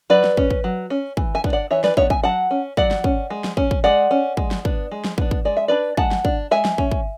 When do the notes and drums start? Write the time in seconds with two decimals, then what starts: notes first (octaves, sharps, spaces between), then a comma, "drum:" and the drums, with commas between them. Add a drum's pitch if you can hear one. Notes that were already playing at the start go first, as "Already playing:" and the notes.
0.10 F#3 B4 D5
0.24 drum: snare
0.37 C#4, drum: kick
0.50 drum: kick
0.64 F#3
0.90 C#4
1.17 E3, drum: kick
1.35 E5 G#5
1.44 B3 D4, drum: kick
1.53 D5 F#5
1.71 E3 C#5 E5
1.84 B4 D5, drum: snare
1.97 B3 D4 C#5 E5, drum: kick
2.10 E5 G#5, drum: kick
2.23 F#3 F#5 A5
2.51 C#4
2.77 F#3 D5 F#5, drum: kick
2.91 drum: snare
3.04 C#4, drum: kick
3.30 G#3
3.44 drum: snare
3.57 C#4, drum: kick
3.71 drum: kick
3.84 G#3 D5 F#5
4.11 C#4
4.37 G#3, drum: kick
4.51 drum: snare
4.65 B3 D4, drum: kick
4.91 G#3
5.05 drum: snare
5.18 B3 D4, drum: kick
5.31 drum: kick
5.45 G#3 D5
5.57 E5
5.68 D4 B4 D5
5.97 G#3 F#5 A5, drum: kick
6.11 drum: snare
6.25 D4, drum: kick
6.51 G#3 E5 G#5
6.65 drum: snare
6.78 C#4, drum: kick
6.91 drum: kick